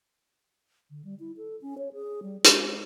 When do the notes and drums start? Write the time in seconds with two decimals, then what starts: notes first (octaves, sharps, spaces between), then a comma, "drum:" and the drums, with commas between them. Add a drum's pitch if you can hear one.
0.90 D3
1.05 G3
1.20 E4
1.37 A4
1.62 C#4
1.78 C#5
1.93 G#4
2.23 G3
2.44 G#3, drum: hi-hat